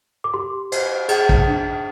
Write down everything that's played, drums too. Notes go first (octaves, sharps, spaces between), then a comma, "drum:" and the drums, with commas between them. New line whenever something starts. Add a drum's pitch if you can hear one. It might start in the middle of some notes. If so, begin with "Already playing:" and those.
D6
G4 C6
C5, drum: cymbal
G#4, drum: cymbal
drum: kick
D4